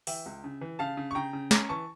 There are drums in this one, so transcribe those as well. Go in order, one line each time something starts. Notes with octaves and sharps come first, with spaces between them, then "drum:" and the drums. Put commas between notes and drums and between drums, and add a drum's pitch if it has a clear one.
E3 E5 G5, drum: open hi-hat
C#2
C#3
E3
C#3 F5 A5
C#3
C#6
C#3 G5 A#5
C#3
C#4 A#5 D6, drum: snare
E3 A5 C#6